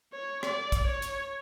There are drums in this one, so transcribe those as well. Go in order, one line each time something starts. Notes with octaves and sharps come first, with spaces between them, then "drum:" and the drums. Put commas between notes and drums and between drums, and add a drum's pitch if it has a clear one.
C#5
D5, drum: rim click
drum: kick, hi-hat
C#5
drum: hi-hat